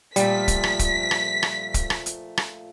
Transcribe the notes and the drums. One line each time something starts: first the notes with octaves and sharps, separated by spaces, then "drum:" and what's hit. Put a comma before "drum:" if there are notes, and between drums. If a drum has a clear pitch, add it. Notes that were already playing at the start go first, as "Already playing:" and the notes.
A#2 F3 G3 A3 B6, drum: hi-hat
drum: kick, hi-hat
drum: rim click
drum: kick, hi-hat
drum: rim click
drum: rim click
drum: kick, hi-hat
drum: rim click
drum: hi-hat
drum: rim click